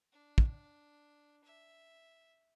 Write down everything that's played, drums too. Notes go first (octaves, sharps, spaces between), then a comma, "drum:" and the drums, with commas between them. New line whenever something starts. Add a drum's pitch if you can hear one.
D4
drum: kick
E5